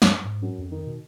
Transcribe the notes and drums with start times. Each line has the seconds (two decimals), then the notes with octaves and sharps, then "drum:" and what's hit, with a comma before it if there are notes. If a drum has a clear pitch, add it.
0.02 G2, drum: snare
0.24 G#2
0.42 F#2
0.58 F2
0.72 D#3
0.86 B2